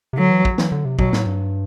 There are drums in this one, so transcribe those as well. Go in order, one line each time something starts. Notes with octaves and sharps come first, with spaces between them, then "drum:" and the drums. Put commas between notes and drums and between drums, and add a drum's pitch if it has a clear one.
C3
D3 F#3
E3
F#3, drum: kick
E3, drum: snare
D3
C3
B2 F#3, drum: kick
A2, drum: snare
G2